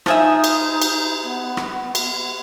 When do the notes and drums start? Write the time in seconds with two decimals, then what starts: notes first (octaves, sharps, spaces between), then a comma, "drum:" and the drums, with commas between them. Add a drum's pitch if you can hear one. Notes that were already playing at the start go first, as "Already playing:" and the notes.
0.06 F3 D#4 G#4 E5, drum: rim click
0.44 drum: cymbal
0.82 drum: cymbal
1.22 B3
1.57 drum: rim click
1.95 drum: cymbal